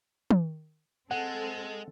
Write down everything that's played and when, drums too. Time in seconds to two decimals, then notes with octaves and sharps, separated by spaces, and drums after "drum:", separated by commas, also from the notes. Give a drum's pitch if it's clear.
0.31 drum: tom
1.11 G#3 C4 A4 F#5